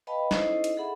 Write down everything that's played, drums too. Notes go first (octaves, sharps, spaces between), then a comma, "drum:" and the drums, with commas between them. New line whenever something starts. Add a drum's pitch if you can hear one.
B4 D#5 F5 G5 A5 B5
C#4 D#4 E4 A4 C5 D#5, drum: snare
drum: hi-hat
G#4 A4 E5 F#5 B5